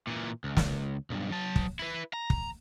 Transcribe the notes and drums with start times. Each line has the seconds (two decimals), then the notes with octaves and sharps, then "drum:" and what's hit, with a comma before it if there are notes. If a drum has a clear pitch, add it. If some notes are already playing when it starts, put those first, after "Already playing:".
0.07 A#2 E3
0.44 C#2
0.57 drum: snare
1.10 B1 G2
1.31 F#3 A5
1.56 drum: kick
1.79 E4 B4
2.13 A#5
2.30 drum: kick